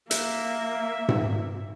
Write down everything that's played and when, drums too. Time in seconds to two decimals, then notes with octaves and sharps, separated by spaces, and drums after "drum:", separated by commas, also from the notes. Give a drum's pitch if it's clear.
0.11 A#3 E5, drum: hi-hat
1.08 drum: tom G#2